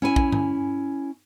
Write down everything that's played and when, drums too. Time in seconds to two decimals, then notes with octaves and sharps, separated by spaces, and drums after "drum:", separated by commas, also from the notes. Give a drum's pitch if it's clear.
0.02 C#4 E4 G#5
0.16 drum: kick
0.32 drum: tom G2